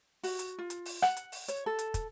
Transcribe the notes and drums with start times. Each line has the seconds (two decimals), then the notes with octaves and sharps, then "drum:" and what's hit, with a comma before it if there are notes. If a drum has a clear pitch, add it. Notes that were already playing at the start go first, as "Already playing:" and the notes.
0.23 F#4, drum: open hi-hat
0.39 drum: hi-hat
0.58 F4
0.70 drum: hi-hat
0.86 drum: open hi-hat
1.02 F#5, drum: rim click
1.17 drum: hi-hat
1.32 drum: open hi-hat
1.48 C#5, drum: hi-hat
1.66 A4
1.79 drum: hi-hat
1.94 drum: kick, hi-hat